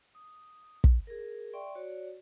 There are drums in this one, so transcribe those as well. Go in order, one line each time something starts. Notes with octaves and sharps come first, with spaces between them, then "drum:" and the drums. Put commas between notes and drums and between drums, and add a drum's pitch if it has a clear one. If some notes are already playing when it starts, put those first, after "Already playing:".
D#6
drum: kick
G#4 A#4
D5 E5 G5 C6 C#6
F#4 C#5 D5